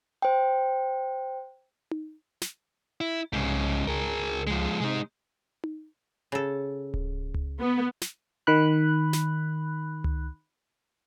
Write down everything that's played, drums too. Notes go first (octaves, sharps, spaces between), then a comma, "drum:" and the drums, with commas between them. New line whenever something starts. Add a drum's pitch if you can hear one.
C5 G5
drum: tom D#4
drum: snare
E4
C2 G#2 C#3
C#2 G#4 A#4
F3 G#3
C3 G#3 D#4
drum: tom D#4
C#3 A4
drum: kick D1
drum: tom C#2
B3
drum: snare
D#3 B5 F#6
drum: snare
drum: tom C#2